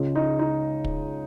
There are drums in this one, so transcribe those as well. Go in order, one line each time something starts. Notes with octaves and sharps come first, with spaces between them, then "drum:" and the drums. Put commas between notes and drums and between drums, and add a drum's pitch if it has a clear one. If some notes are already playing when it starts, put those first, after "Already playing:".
Already playing: C#2 C#3 G#3
D#4
D#4
drum: kick